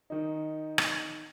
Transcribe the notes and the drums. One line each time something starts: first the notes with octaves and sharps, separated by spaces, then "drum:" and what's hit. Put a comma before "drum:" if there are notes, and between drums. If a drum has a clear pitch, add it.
D#3 D#4
drum: rim click